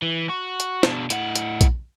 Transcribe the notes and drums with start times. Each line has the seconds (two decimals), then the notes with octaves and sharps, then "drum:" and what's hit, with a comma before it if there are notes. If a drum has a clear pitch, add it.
0.02 E3
0.29 F#4
0.60 drum: hi-hat
0.83 B2 D4, drum: snare
1.10 A2 F#5, drum: hi-hat
1.35 drum: hi-hat
1.61 drum: kick A#1, hi-hat